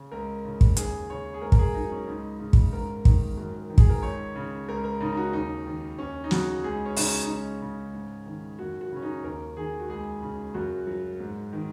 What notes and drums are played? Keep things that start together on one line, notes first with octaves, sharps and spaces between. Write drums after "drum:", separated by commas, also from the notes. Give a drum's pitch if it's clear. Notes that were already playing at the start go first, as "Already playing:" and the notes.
Already playing: C#3
C#2 A#4
C#3
drum: kick
D#2 G#4, drum: hi-hat
C#3 C#5
G#4
G#2 A#4
A#4, drum: kick
G#4
F#3 D#4
C#4
C#2 D#4
C#3
drum: kick
G#2 A#4
D#3, drum: kick
F#2
D#3
G#4, drum: kick
A#4
C#2 C#5
C#3
C#2 A#4
A#4
C#3 D#4
D#4
F#4
D#2 D#4
D#3
D#2 C#4
D#4
C#3 F#4, drum: snare
C#2 G#4
C#4
C#3 D#4, drum: open hi-hat
D#4
C#2 C#4
C#3
G#2
D#3
F#2 F#4
F#4
C#3 C#4
D#4
D#2 A#4
D#3 G#4
F#4
C#2 G#4
C#3
F#2 F#4
F#3
G#2
D#3